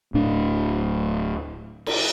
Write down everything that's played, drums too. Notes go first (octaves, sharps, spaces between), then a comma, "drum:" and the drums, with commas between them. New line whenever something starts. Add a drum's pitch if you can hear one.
D1 A2 A3 D4
drum: cymbal